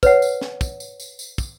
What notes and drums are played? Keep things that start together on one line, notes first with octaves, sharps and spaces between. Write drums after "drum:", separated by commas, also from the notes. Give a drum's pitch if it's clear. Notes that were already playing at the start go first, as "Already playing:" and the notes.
B4 C#5 F#5, drum: kick, tambourine
drum: tambourine
drum: snare
drum: kick, tambourine
drum: tambourine
drum: tambourine
drum: tambourine
drum: kick, tambourine